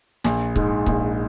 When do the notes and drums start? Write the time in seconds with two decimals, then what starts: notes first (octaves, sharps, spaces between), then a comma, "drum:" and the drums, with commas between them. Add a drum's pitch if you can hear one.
0.24 A#1, drum: snare
0.56 G#2, drum: kick C#1
0.86 A#1, drum: kick C#1